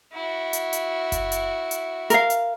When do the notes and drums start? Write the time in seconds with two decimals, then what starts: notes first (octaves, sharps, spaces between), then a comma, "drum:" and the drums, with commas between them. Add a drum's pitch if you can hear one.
0.13 E4 F#4
0.53 drum: hi-hat
0.73 drum: hi-hat
1.12 drum: kick F#1, hi-hat
1.32 drum: hi-hat
1.71 drum: hi-hat
2.10 A#4 F5, drum: hi-hat
2.30 drum: hi-hat